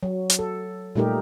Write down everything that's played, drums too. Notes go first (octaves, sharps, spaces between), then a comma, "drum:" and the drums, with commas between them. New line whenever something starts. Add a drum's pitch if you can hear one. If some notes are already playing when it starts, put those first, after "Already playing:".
F#3
drum: hi-hat
A4
A#2 G3 A3 D#4 G4 A#4